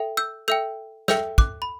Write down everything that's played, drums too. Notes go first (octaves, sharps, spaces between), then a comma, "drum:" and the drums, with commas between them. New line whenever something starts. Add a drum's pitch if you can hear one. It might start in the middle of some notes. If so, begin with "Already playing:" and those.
Already playing: A4 E5 G5
E6 G6
A4 E5 G5 E6 G6
A4 E5 G5 E6 G6, drum: snare
D6 F#6, drum: kick
B5